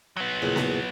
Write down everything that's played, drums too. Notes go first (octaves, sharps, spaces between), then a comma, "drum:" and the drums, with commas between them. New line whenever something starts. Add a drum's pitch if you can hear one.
F#3 B3
E2 A#2 C#3
drum: snare B3